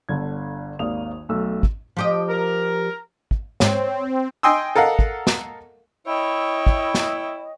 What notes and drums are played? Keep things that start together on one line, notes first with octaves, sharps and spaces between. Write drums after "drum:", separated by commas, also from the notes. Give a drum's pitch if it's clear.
G1 D3 G#6
G#1 D#2 A#3 D5 D#6 F7
B1 A3 A4 E6
drum: kick
F3 G4 D#5
A#4
drum: kick
G#2 G#3 C4 C#5, drum: snare
D#5 G5 G#5 C6 D#6 E6
A4 A#4 D#5 F5 F#5
drum: kick
drum: snare
E4 C#5 D#5 G5
drum: kick
drum: snare